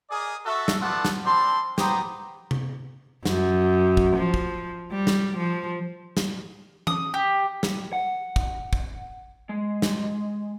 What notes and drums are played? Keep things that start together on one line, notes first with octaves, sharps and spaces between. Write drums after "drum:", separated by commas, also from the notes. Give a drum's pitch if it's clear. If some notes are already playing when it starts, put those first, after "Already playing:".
G#4 A#4 D5 D#5 G#5 D#6
F#4 A4 E5
drum: snare
A3 B3 F4 D5 F#5 A5
drum: snare
G3 C4 D4 A5 C6
B3 C5 G5 A#5 D6 D#6, drum: snare
drum: tom C3
F#2, drum: snare
drum: kick
F3
drum: kick
G3
drum: snare
F3
drum: snare
D#6, drum: tom
G4
drum: snare
F#5
drum: kick
drum: kick
G#3
drum: snare